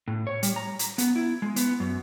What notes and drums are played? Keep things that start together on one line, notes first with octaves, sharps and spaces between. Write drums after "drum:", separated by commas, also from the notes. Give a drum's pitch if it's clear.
A2
C#5
G3, drum: hi-hat
A#5
drum: hi-hat
B3, drum: hi-hat
E4
G#3
B3, drum: hi-hat
F#2